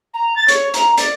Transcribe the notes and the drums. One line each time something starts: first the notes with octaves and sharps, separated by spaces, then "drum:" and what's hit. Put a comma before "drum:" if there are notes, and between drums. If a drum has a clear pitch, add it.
A#5
A6
C#5, drum: hi-hat
A#5, drum: hi-hat
D5, drum: hi-hat